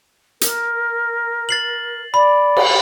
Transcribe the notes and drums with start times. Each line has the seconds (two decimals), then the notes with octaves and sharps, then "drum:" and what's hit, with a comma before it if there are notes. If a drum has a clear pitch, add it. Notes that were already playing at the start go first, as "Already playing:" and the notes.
0.41 A#4, drum: hi-hat
1.49 A6 C7 F#7
2.14 D5 B5
2.57 drum: cymbal